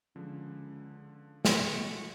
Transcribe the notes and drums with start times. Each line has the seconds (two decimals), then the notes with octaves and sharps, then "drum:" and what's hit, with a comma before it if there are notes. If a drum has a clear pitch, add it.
0.16 C#2 D3 F3
1.45 B1 F#4, drum: snare